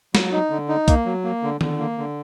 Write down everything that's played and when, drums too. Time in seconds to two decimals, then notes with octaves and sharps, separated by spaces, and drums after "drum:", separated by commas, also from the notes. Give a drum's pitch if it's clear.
0.15 F#3, drum: snare
0.32 D#4
0.50 D3
0.69 D#4
0.88 A#3, drum: kick, hi-hat
1.05 F#3
1.24 A#3
1.43 D3
1.61 D3, drum: tom D#3
1.79 A#3
1.98 D3